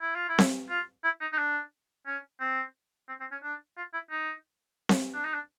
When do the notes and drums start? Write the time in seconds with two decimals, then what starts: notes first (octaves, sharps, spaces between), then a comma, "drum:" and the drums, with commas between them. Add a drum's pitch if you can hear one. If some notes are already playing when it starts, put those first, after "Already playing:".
0.01 E4
0.16 F4
0.29 E4
0.38 drum: snare C4
0.70 F4
1.04 E4
1.21 D#4
1.33 D#4
1.38 D4
2.07 C#4
2.40 C4
3.08 C4
3.20 C4
3.32 C#4
3.43 D4
3.77 F4
3.93 E4
4.11 D#4
4.89 drum: snare C4
5.14 D4
5.25 D#4
5.34 D4